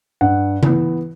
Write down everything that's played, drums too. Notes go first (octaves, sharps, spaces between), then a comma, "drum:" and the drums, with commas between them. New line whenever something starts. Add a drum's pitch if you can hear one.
G2 F#5
E3 B3 E4, drum: tom C#3